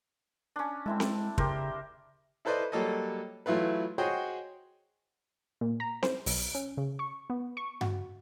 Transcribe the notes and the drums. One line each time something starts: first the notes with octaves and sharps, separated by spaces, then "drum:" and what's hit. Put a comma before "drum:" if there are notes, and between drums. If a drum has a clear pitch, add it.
C#4 D4
G#3 C4 E4 A4
drum: snare C4
C#3 G4 A#4 C5, drum: kick
E4 A4 B4 C5 D5 D#5
F#3 G3 A#3 A4 C#5 D#5
E3 F#3 A3 E4 F4 B4
F#4 G#4 C5 C#5 D#5 G5
A#2
A#5
C5, drum: snare C4
B1, drum: open hi-hat
C#4
C#3
C#6
B3
C#6
F#4, drum: tom G2